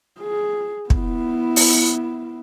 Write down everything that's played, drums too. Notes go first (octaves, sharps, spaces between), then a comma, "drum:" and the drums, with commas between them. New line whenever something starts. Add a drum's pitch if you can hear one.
G#4
B3 E4, drum: kick
drum: open hi-hat